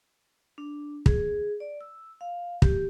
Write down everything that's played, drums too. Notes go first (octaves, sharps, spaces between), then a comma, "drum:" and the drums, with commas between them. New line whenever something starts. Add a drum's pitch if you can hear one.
D4
G#4, drum: kick
D5
E6
F5
G4, drum: kick